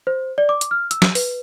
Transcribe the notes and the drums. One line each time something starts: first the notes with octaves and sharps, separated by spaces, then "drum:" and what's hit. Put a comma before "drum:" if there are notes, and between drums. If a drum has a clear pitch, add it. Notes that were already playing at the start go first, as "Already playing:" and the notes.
C5
D5
D6
drum: hi-hat
F6
E6, drum: hi-hat
drum: snare
B4, drum: open hi-hat